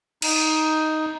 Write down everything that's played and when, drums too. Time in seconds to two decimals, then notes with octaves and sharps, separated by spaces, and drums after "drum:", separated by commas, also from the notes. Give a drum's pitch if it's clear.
0.22 D#4, drum: cymbal